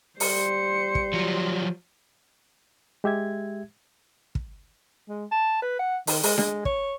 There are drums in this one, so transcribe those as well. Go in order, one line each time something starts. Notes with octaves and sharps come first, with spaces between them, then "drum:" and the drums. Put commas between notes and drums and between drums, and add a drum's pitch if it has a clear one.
G3 C5 C#7, drum: open hi-hat
drum: kick
F3 F#3
G#3 G4 E5 G#6
drum: kick
G#3
A5
B4
F#5
D#3, drum: open hi-hat
G#3, drum: open hi-hat
G#3, drum: snare D4
C#5, drum: kick